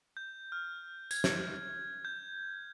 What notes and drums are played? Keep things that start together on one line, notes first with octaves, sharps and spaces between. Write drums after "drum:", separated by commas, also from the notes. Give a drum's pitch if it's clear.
G6
F6
G#6, drum: tambourine
drum: snare
G6